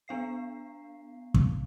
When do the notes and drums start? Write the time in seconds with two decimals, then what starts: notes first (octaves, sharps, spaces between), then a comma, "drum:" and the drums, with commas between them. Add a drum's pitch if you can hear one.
0.08 B3 D4 F5 C7
1.34 drum: kick